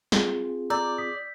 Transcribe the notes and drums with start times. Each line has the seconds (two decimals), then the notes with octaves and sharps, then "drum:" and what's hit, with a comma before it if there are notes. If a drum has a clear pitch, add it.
0.12 C4 F4 G#4, drum: snare
0.70 D5 A#5 D6 E6 G6
0.98 D#6 B6